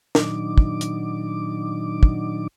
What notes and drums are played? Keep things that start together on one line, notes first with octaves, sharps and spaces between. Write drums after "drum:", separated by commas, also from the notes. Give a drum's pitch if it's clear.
A#2 D#3 F#3 D4 D#4 D6, drum: snare
drum: kick
drum: hi-hat
drum: kick